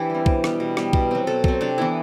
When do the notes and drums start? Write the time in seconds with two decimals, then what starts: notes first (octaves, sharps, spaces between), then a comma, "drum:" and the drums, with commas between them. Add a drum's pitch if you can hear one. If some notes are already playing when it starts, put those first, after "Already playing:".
Already playing: E3 D4 E4 G4
0.10 G3 C4
0.26 B2, drum: kick
0.44 G3 B3, drum: rim click
0.60 B2
0.77 G3 B3, drum: rim click
0.93 B2, drum: kick
1.11 F#3 C4
1.27 B2 A4
1.44 F#3 C4, drum: kick
1.61 C3 D4
1.78 E3 B3 E4